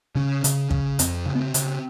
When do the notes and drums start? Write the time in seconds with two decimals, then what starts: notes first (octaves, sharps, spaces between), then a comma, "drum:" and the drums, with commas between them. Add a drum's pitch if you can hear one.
0.15 C#3 C#4
0.44 C#3, drum: hi-hat
0.71 C#3, drum: kick
0.99 F2 C4, drum: hi-hat
1.26 C#3
1.35 B3
1.41 C4
1.54 C#3, drum: hi-hat